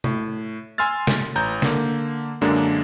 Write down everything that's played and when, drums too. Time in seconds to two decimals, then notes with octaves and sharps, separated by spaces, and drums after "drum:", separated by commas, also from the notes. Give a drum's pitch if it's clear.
0.04 A2, drum: tom
0.78 G#5 C6 E6 F6 A6
1.07 drum: snare
1.35 A1 A#5 G6
1.62 D3 A#3, drum: snare
2.41 F#2 D3 G#3 A#3 D4